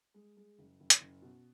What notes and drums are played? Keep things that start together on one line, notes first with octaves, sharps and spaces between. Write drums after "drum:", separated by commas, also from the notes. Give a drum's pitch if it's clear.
G#3
G#3
F#1
F#1
drum: hi-hat
F#1
B2